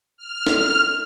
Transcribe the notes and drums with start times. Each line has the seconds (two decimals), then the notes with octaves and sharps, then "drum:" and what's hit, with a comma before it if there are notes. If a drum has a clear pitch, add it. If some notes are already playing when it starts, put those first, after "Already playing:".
0.17 F6
0.47 drum: snare